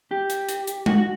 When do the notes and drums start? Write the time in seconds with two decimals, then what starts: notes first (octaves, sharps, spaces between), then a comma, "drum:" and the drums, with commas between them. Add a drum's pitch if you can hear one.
0.11 G4
0.30 drum: hi-hat
0.49 drum: hi-hat
0.67 drum: hi-hat
0.86 F#4, drum: tom
0.98 F#4